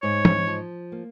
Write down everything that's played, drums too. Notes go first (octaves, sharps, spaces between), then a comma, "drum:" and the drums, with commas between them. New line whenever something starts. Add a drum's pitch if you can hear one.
G#2 C#5
drum: tom
F3
A#3